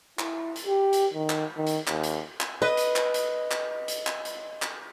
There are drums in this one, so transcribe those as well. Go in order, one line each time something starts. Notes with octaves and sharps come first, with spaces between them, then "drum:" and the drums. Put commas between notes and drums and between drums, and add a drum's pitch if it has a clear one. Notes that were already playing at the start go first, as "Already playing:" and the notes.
E4, drum: clap
drum: hi-hat
G4
drum: hi-hat
D#3
drum: clap
D#3
drum: hi-hat
D#2, drum: clap
drum: hi-hat
drum: clap
B4 D#5
drum: hi-hat
drum: clap
drum: hi-hat
drum: clap
drum: hi-hat
drum: clap
drum: hi-hat
drum: clap